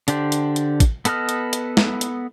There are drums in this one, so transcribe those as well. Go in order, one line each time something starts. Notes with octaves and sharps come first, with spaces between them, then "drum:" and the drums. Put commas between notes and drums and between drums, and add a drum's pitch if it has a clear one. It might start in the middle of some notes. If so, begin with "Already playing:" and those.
D3 D4 G4 C5, drum: hi-hat
drum: hi-hat
drum: hi-hat
drum: kick, hi-hat
B3 A4 B4 D#5 F6, drum: hi-hat
drum: hi-hat
drum: hi-hat
drum: snare
drum: hi-hat